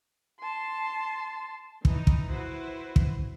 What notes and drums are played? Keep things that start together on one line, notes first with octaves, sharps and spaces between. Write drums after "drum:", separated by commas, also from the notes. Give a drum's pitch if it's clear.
A5 C6
E3 D#4, drum: kick
drum: kick
E4 F#4 B4 C5
drum: kick